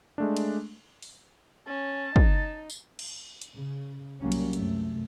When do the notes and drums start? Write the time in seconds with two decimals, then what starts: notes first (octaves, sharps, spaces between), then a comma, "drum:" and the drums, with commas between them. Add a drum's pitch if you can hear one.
0.18 G#3 A3 D4
0.37 drum: cymbal
1.02 drum: open hi-hat
1.68 C#4 A5
2.16 D#4, drum: kick
2.70 drum: tambourine
2.99 drum: cymbal
3.42 drum: hi-hat
3.54 C#3
4.20 C2 F#3 G3 A#3 C#4
4.32 drum: cymbal
4.53 F#2 C3 A3, drum: hi-hat